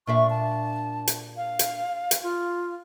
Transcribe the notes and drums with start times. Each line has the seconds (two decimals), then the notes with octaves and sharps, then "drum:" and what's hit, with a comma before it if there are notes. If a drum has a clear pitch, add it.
0.07 A#2 D4 E5 C#6
0.30 A5
1.08 drum: hi-hat
1.37 F5
1.59 drum: hi-hat
2.11 drum: hi-hat
2.23 F4